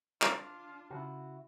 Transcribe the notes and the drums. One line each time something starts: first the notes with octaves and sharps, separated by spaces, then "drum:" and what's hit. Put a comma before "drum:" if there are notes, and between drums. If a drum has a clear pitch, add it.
D4 F4, drum: clap
C#3 E4 F#4